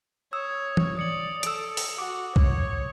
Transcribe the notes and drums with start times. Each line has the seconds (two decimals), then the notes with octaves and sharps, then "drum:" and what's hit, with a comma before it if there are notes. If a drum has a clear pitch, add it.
0.33 C#5 D#6 E6
0.77 drum: tom E3
0.97 D5 D#6 C#7 F#7
1.43 A4 E6 D7, drum: hi-hat
1.77 drum: open hi-hat
1.98 F#4 D6
2.36 C#5, drum: kick B1